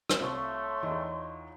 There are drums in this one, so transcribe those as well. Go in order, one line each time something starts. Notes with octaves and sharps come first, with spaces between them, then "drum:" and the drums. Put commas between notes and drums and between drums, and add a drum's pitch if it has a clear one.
drum: rim click
C2 A3 F4 C#5 C6
E2 E3 D#4